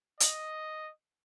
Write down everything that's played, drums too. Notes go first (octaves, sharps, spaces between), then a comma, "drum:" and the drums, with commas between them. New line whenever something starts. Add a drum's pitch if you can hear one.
D#5, drum: hi-hat